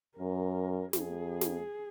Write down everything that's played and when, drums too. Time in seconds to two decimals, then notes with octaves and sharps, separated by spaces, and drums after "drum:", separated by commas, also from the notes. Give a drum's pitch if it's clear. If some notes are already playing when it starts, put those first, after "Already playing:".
0.18 F#2 A#4
0.93 F2 G#4, drum: snare
1.41 drum: snare